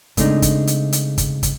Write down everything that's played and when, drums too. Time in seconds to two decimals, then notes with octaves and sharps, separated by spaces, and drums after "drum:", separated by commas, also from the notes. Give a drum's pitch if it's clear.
0.17 C#3 G#3 A3 C4 D4 D#4, drum: kick, hi-hat
0.42 drum: kick, hi-hat
0.67 drum: hi-hat
0.92 drum: hi-hat
1.18 drum: kick, hi-hat
1.43 drum: kick, hi-hat